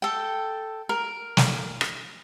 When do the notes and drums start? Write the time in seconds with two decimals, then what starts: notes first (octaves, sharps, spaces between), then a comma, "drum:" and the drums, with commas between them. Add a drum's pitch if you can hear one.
0.02 A4 G5
0.89 A#4
1.37 drum: snare
1.81 drum: rim click